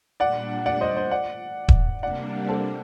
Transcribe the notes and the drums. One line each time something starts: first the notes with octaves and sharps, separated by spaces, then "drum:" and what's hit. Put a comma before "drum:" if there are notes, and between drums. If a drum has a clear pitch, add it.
A#2 G3 D4 D5 F#5
D5 F#5
C5 D#5
C5 D#5
D5 F#5
drum: kick D#1
C3 G3 A#3 D4 D5 F#5
A4 C5